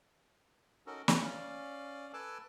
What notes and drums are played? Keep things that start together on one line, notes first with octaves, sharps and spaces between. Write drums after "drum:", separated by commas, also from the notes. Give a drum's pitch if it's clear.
C#4 D#4 F#4 A4 A#4
B4 C#5 D5 A#5, drum: snare
C#4 D5 F5
A4 B4 G#5 A5 D6 E6